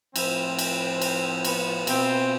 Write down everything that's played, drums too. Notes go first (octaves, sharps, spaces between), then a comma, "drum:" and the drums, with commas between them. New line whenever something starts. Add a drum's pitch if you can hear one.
A2 F3 C4, drum: cymbal
drum: cymbal
drum: cymbal
B3, drum: cymbal
B2 C4, drum: cymbal